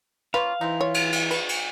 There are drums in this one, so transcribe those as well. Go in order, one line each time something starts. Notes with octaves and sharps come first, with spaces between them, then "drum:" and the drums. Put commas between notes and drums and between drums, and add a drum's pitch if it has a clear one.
A#3 C#4 F4 B4 F5
E3 C4 D#4
F4 C#5
drum: cymbal
drum: cymbal
B4, drum: cymbal
drum: cymbal